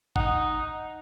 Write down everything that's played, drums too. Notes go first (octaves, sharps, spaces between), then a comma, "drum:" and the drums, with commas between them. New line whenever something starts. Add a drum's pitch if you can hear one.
D#4 F#5, drum: kick G#1